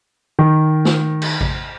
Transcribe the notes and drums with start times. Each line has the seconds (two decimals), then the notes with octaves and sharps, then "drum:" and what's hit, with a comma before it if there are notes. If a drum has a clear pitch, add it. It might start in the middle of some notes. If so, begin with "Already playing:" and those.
0.39 D#3
0.85 drum: snare
1.22 drum: cymbal
1.41 drum: kick A1